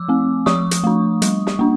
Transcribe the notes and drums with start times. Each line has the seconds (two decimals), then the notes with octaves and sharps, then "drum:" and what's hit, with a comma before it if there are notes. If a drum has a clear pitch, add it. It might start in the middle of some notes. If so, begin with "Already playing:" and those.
Already playing: F3 D6 E6
0.09 A3 C4
0.46 F3 C#6 D#6, drum: snare
0.71 drum: hi-hat
0.84 A3 D4
1.22 G3, drum: hi-hat
1.47 drum: snare
1.59 A#3 D4